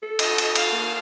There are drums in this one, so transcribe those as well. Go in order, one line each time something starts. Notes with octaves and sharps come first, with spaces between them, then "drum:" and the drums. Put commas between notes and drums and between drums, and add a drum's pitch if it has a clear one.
A4
D#5, drum: cymbal
drum: cymbal
F5, drum: cymbal
A#3